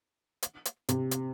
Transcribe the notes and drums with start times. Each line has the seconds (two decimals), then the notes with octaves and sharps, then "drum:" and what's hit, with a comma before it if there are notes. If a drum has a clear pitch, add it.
0.42 drum: hi-hat
0.65 drum: hi-hat
0.89 C3, drum: hi-hat
1.11 drum: hi-hat